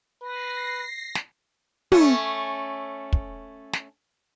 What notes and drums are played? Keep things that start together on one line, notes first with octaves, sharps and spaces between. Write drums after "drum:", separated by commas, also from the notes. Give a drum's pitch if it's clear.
B4 A#6 C7
drum: snare
A3 C#4, drum: tom
drum: kick
drum: snare